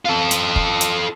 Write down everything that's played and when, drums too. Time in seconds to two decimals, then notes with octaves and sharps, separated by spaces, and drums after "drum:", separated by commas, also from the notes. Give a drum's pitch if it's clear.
0.06 F4 A4
0.31 drum: hi-hat
0.56 drum: kick
0.81 drum: hi-hat